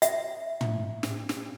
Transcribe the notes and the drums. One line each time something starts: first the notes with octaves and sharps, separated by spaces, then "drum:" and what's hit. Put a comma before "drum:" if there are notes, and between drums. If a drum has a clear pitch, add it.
E5, drum: hi-hat
drum: tom
drum: snare
drum: snare